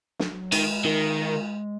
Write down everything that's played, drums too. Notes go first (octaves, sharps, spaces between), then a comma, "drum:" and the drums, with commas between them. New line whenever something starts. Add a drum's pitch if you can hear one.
F#3, drum: snare
D#3 G#3, drum: cymbal
D#3